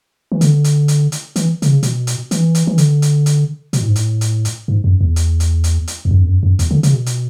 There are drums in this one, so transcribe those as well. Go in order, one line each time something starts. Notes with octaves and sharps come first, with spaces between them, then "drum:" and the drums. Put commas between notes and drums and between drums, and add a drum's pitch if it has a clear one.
E3
D3, drum: hi-hat
drum: hi-hat
drum: hi-hat
drum: hi-hat
E3, drum: hi-hat
D3, drum: hi-hat
C#3
B2, drum: hi-hat
drum: hi-hat
E3, drum: hi-hat
drum: hi-hat
E3
D3, drum: hi-hat
drum: hi-hat
drum: hi-hat
B2, drum: hi-hat
A2
G#2
A2, drum: hi-hat
drum: hi-hat
drum: hi-hat
G#2
F#2
E2
drum: hi-hat
drum: hi-hat
drum: hi-hat
drum: hi-hat
E2
F#2
E2
F#2
F#2
E2, drum: hi-hat
D3
C#3, drum: hi-hat
B2
drum: hi-hat